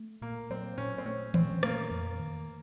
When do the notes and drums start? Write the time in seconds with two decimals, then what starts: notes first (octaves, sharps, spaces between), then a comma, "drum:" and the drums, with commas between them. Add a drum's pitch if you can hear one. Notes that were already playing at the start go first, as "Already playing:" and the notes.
Already playing: A3
0.21 A#2 A#3
0.50 F#3 C4
0.78 A#2 C#4
0.98 C4
1.06 A3 C#4
1.34 A#2 C4, drum: tom D#3
1.63 A3 A#3, drum: rim click
1.91 F2
2.19 D#3